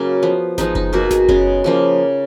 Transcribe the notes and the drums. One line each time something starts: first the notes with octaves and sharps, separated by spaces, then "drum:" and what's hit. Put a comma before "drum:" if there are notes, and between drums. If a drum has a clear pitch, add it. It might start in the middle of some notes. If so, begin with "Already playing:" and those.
Already playing: C#3 F#3 A#3
F3 B3
F3 G#3 B3 D#4, drum: snare G#1
D#4, drum: kick F#1
B2 A#3 F#4
G#4, drum: snare G#1
C#3 G#3 B3, drum: kick F#1
C#3 F3 A#3